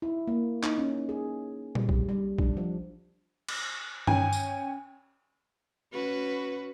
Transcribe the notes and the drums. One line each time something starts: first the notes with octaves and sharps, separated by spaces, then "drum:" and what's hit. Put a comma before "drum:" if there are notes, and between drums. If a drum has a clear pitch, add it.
E4
A#3
D#4, drum: clap
C#4
G#4
G3, drum: tom A#2
drum: kick A#1
G3
D4, drum: kick A#1
F3
drum: cymbal
C#4 G5 G#5, drum: tom G2
drum: tambourine
C#4 F#4 B4